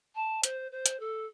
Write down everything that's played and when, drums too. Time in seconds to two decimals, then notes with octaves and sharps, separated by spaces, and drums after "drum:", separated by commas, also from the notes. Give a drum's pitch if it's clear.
0.15 A5
0.43 C5, drum: hi-hat
0.72 C5
0.86 drum: hi-hat
1.00 A4